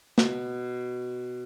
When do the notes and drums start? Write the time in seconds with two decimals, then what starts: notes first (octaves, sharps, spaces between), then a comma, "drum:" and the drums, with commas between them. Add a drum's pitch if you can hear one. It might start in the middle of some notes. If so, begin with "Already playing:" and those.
0.18 B2, drum: snare